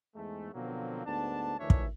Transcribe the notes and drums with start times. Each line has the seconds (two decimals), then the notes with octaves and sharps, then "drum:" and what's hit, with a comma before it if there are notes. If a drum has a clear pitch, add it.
0.15 E2 G#2 G#3 A3
0.54 B2 D3 F3 F#3 A#3 C4
1.05 D2 G#2 B3 D4 A5
1.59 D2 D#3 E3 D4 C#5 E5
1.70 drum: kick